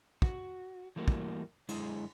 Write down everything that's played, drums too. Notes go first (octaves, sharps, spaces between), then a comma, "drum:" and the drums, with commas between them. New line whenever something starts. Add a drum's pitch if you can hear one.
F#4, drum: kick
E3 G3 A3 A#3 F#4
drum: kick
F#2 D3 G#3 E4 G#4, drum: cymbal